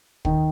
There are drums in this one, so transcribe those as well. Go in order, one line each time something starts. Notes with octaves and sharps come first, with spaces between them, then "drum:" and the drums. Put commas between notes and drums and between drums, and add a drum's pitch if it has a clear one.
D#3, drum: kick